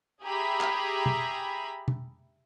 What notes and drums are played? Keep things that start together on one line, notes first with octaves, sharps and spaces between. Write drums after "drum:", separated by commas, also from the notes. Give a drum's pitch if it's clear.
G4 G#4 E5 A#5 B5
drum: clap
drum: tom B2
drum: tom B2